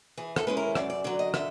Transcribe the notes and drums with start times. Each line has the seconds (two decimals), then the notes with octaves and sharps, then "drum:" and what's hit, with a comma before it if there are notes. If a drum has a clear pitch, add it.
0.17 E3 G#4
0.36 A4, drum: rim click
0.47 G#3 C#4 E4 B4
0.57 A#4
0.75 F#2 D5, drum: rim click
0.90 D5
1.04 D3 F#3 D5
1.19 D#5
1.34 D3 E5, drum: rim click